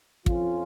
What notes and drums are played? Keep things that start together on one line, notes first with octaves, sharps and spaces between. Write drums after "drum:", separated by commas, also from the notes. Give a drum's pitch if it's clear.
F2 F3 C#4 F4, drum: kick